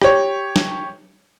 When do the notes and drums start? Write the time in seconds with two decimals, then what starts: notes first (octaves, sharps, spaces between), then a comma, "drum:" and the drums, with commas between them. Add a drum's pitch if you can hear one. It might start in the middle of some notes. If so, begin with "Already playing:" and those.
0.02 G4 C#5, drum: rim click
0.56 drum: snare